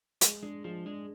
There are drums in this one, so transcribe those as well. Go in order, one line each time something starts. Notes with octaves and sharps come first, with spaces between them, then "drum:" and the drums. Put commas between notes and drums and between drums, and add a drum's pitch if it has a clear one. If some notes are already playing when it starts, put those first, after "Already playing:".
G#3, drum: hi-hat
G#3 D4
F3 G#3
G#3 D4